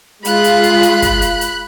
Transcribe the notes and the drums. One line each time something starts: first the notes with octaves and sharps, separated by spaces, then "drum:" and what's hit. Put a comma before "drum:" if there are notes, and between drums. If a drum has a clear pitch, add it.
G#3 F4 B5 F#6, drum: hi-hat
drum: hi-hat
drum: hi-hat
drum: hi-hat
drum: kick, hi-hat
drum: hi-hat
drum: hi-hat